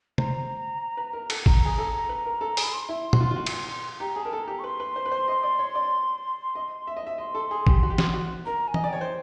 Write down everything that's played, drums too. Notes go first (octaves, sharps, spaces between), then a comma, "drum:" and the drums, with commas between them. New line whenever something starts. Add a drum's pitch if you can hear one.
C5 A#5, drum: tom
B4
A#4
A4, drum: cymbal
A#5, drum: kick A1
G#4
A4
B4
A#4
A4
G#4, drum: open hi-hat
B5
C6
E4
F#4, drum: tom
F4
F4
F#4
drum: cymbal
G4 A#5
G#4
A#4 A5
A4
G4 A#5
C#6
B4 C6
B4
C5
B4
C5
D#5
D5
C#5
D5
D#5
E5
D#5
E5
D#5 C6
A4
G#4
G4, drum: kick A1
F#4
G4
F#4, drum: snare E3
F#4
A#4 A#5
G#5
D#5, drum: tom
D5
C#5 G5
C5